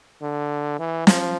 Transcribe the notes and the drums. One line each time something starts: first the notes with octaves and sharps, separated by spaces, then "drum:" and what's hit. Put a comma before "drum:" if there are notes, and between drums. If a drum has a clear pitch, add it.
D3
E3
F3, drum: snare